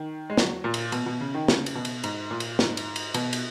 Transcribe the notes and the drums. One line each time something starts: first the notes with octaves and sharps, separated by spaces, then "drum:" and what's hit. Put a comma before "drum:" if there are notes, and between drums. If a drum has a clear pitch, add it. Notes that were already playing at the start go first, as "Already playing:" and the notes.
Already playing: D#3
G#3
F#3, drum: snare
A#2
drum: cymbal
B2, drum: cymbal
B2
C#3
D#3
C#3, drum: snare
drum: cymbal
B2
drum: cymbal
G#2, drum: cymbal
A#2
drum: cymbal
G#2, drum: snare
drum: cymbal
drum: cymbal
B2, drum: cymbal
drum: cymbal